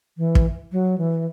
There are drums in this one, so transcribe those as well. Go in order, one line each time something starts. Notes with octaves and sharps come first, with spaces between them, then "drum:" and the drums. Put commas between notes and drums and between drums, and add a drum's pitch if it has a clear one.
E3
drum: kick
F#3
E3